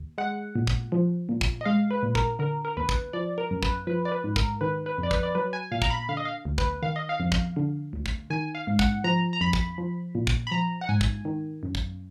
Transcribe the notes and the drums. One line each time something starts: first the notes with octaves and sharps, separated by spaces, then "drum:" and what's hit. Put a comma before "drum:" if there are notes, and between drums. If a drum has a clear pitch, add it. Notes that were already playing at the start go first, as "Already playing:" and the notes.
Already playing: D#2
G#3 F#5
A#2
drum: kick
F3
A#2
drum: kick
D#5
G#3 F5
B4
A#2
A#4, drum: kick
D3 A#4
A#4
D#2 B4
drum: kick
F3 D5
A#4
F#2
B4, drum: kick
F3 B4
D5
B4
G#2
A#4, drum: kick
D#3 B4
B4
F2
D5
B4, drum: kick
D5
F#3 B4
G#5
A#2 F5
A#5, drum: kick
B5
D3 F5
D#5
F5
D2
B4, drum: kick
D#3 F5
D#5
F5
F2
drum: kick
D3
D2
drum: kick
D#3 G#5
F5
G#2
F#5, drum: kick
F3 A#5
A#5
F2 B5
drum: kick
F3
A#2
drum: kick
B5
F3 A#5
F#5
G#2 G#5
drum: kick
D#3
F#2
drum: kick